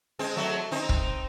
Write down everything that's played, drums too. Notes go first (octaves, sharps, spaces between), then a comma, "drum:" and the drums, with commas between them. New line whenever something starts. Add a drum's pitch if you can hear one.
G#3 C4
F#3 A3
C4 D#4
drum: kick